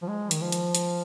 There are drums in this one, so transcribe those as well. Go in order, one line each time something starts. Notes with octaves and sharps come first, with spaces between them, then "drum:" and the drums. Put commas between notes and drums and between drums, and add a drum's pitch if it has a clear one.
F3
G#3
D#3, drum: hi-hat
F3
drum: hi-hat
drum: hi-hat